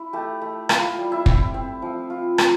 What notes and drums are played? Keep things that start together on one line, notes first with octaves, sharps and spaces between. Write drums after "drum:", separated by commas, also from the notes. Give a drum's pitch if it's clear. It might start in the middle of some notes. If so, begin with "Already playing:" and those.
Already playing: E4
A3 G4
A3
E4 F4 F5, drum: rim click
G3
E4 E5
C4, drum: kick
C4
F3
F4
C4, drum: rim click